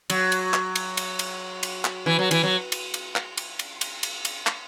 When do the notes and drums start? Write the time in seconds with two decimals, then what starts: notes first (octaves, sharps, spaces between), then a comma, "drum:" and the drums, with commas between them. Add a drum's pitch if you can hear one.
0.10 F#3, drum: cymbal
0.32 drum: cymbal
0.54 drum: clap
0.76 drum: cymbal
0.97 drum: cymbal
1.19 drum: cymbal
1.63 drum: cymbal
1.85 drum: clap
2.06 E3
2.19 F#3
2.31 E3, drum: cymbal
2.43 F#3
2.72 drum: cymbal
2.94 drum: cymbal
3.16 drum: clap
3.38 drum: cymbal
3.59 drum: cymbal
3.81 drum: cymbal
4.03 drum: cymbal
4.25 drum: cymbal
4.47 drum: clap